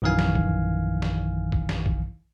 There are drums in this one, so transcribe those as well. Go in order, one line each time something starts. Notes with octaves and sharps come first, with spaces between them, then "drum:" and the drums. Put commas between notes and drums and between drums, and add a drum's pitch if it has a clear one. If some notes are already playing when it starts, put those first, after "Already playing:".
A#1 F#2 D#3 E3 F5 G#5
drum: snare
drum: kick B1
drum: snare
drum: kick B1
drum: snare
drum: kick B1